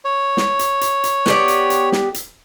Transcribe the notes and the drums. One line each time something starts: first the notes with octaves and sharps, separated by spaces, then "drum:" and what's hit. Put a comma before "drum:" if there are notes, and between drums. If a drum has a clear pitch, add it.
C#5
drum: snare
drum: hi-hat
drum: hi-hat
drum: hi-hat
B3 G4 D5, drum: snare
drum: hi-hat
drum: hi-hat
drum: snare
drum: hi-hat